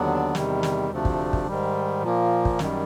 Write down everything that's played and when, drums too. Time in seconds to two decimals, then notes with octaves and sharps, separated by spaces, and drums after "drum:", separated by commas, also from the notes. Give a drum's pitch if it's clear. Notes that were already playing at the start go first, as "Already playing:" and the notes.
Already playing: D#2 D3 F#3 B3 D4
0.35 E2 C3 D#3 G3, drum: snare
0.63 drum: snare
0.91 D2 C3 F3 A3 D4
1.05 drum: kick
1.33 drum: kick
1.47 G#2 D#3 G3
2.03 A#2 F3 A#3
2.45 drum: kick
2.59 F#2 D#3 G3, drum: snare